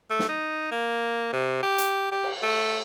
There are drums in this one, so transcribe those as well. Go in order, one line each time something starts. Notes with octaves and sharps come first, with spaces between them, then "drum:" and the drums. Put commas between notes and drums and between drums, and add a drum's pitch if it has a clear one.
A3
drum: snare
D#4
A#3
C3
G4
drum: hi-hat
G4
drum: cymbal
A3